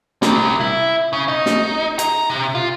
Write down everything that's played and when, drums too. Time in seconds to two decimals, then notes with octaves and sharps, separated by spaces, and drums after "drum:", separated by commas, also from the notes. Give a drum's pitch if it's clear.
0.22 C2, drum: snare
0.60 E4
1.13 C#3
1.28 D#4
1.46 drum: snare
1.99 A#5, drum: hi-hat
2.30 C3
2.55 F4